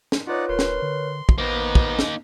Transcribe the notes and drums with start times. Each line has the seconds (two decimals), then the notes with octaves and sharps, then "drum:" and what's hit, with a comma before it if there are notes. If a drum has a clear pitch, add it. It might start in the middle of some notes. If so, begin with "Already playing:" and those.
0.12 drum: snare
0.27 D#4 F4 B4 C#5 D5 F#5
0.49 D#1 A#4 B4 C#5 C6
0.59 drum: snare
0.82 D3
1.29 drum: kick
1.38 A1 A#3 B3 D#4 C5
1.75 drum: kick
1.99 drum: snare